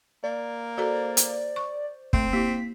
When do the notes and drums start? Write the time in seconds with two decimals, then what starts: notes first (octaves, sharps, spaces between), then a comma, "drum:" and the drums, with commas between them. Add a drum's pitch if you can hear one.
0.24 A#3 D5
0.78 F#4 A4 C5 D5 A#5
1.17 drum: hi-hat
1.56 C#6
2.13 A3 C4, drum: kick
2.33 A#3 E4 G4 B6